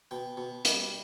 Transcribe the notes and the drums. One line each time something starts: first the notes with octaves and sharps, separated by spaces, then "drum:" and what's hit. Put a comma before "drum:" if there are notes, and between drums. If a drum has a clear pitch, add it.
B2 G5
B2
G3, drum: hi-hat